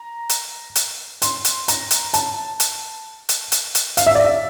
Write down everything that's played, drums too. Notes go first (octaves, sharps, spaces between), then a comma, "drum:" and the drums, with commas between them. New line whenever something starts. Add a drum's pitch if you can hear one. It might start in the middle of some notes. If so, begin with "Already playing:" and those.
Already playing: A#5
drum: hi-hat
drum: hi-hat
C6, drum: hi-hat
drum: hi-hat
A#5, drum: hi-hat
drum: hi-hat
A5, drum: hi-hat
drum: hi-hat
drum: hi-hat
drum: hi-hat
drum: hi-hat
F5, drum: hi-hat
E5
D5
E5